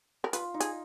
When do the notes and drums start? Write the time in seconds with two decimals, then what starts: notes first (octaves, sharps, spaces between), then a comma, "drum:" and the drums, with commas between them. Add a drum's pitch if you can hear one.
0.24 A#4
0.33 F4 B4, drum: hi-hat
0.54 D#4
0.60 G#4, drum: hi-hat